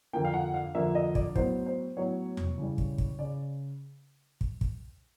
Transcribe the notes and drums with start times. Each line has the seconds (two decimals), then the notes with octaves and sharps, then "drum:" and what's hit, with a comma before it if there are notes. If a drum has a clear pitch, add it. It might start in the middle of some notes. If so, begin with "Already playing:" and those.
0.13 F2 D3 F3 A#3 G5
0.25 F5
0.34 F#5
0.54 F5
0.75 F2 D3 F3 A#3 E5
0.95 D#5
1.15 D5, drum: kick
1.36 A2 F#3 B3 C5, drum: kick
1.66 C5
1.97 A2 F#3 B3 C#5
2.37 drum: tom E2
2.58 C#3 E3 G3
2.78 drum: kick
2.98 drum: kick
3.19 C#3 D5
4.41 drum: kick
4.61 drum: kick